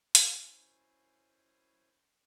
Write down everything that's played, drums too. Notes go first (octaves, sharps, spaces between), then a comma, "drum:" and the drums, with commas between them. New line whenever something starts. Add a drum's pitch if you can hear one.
F#2 C#4 E4 C5 G#5, drum: hi-hat